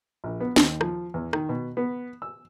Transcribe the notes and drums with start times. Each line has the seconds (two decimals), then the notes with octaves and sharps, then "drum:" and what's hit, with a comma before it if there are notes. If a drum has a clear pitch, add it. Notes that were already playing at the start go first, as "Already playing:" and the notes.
0.24 A#1
0.40 B3
0.56 D#2, drum: snare
0.81 F3, drum: rim click
1.14 E2
1.33 D#3, drum: rim click
1.49 B2
1.77 B3
2.22 E6